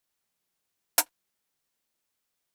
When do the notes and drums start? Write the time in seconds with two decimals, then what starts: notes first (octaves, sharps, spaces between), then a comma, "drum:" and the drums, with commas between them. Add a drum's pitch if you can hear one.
0.22 D3 F3 F#3 G#3 A3 C4
0.98 drum: hi-hat